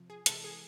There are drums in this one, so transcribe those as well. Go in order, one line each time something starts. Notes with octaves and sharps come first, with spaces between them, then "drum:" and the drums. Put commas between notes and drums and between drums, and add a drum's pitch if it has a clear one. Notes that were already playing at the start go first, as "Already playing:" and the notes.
Already playing: C3 F3
G#4
C3 E3 G#3 A4, drum: hi-hat
G#4